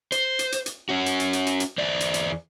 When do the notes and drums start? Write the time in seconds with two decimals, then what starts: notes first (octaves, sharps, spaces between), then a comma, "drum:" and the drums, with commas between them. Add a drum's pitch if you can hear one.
0.12 C5, drum: hi-hat
0.39 drum: hi-hat
0.52 drum: hi-hat
0.66 drum: hi-hat
0.89 C#4 F#4
1.06 drum: hi-hat
1.20 drum: hi-hat
1.33 drum: hi-hat
1.47 drum: hi-hat
1.60 drum: hi-hat
1.78 E2 C5 D5
2.00 drum: hi-hat
2.14 drum: hi-hat